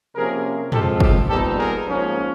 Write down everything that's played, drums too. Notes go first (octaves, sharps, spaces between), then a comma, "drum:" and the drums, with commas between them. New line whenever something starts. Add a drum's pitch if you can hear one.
C3 F3 A#3 C#4 G#4 A#4
F3 G#3 C4 F4 G4 A4, drum: tom
G4 A4, drum: kick
A#2 G3 B3 D#4 G4 A4
G#4 A#4
G#2 F3 A#3 C#4